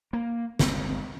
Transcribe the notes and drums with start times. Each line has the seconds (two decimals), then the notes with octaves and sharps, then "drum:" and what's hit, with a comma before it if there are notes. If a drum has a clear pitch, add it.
0.13 A#3
0.59 G1 C#2 C4, drum: snare